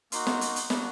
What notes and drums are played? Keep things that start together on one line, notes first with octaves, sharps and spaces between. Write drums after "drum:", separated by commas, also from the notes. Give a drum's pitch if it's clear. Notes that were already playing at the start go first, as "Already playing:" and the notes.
A#3 D#4 F#4 C6, drum: hi-hat
drum: snare
drum: hi-hat
drum: hi-hat
A#3 D4 F#4 B5, drum: snare